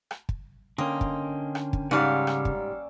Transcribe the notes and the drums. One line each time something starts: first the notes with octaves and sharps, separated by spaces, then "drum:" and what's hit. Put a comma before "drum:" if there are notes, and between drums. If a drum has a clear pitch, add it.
drum: rim click
drum: kick
D3 A#3 C#4 D#5 G5 C6
drum: kick
drum: rim click
drum: kick
G#2 C#3 G3 C#4 D5 F5 F#5 E6
drum: rim click
drum: kick